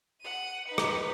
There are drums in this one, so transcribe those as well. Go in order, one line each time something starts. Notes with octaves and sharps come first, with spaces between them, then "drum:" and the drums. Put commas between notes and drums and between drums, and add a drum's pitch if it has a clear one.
F#5 D#7
D#4 B4
drum: rim click